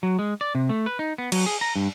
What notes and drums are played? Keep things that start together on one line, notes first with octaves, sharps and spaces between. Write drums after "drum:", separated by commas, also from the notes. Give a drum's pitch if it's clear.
F#3
G#3
D5
C3
A3
B4
D#4
B3
F#3, drum: cymbal
G#4
A#5
G2